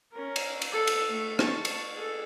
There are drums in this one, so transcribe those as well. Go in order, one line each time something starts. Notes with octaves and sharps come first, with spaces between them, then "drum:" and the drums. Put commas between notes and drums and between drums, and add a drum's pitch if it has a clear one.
C#4 A#4
drum: cymbal
drum: cymbal
A4
drum: cymbal
A3
A5 C#6, drum: rim click
drum: cymbal
G#4 A4